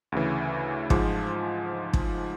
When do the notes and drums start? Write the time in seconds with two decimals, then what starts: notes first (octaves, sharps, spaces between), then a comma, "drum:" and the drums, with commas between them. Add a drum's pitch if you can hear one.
0.12 D2 C#3 E3
0.90 G#2 F3 G#3, drum: kick
1.93 drum: kick